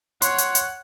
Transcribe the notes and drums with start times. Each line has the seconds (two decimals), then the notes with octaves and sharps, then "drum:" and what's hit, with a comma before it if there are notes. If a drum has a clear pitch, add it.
0.22 C#5 F#5 C6, drum: hi-hat
0.38 drum: hi-hat
0.55 drum: hi-hat